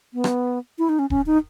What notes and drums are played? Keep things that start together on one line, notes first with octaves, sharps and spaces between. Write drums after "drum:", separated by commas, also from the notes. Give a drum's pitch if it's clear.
B3
drum: rim click
E4
D#4
C#4
C#4, drum: kick D#1
D#4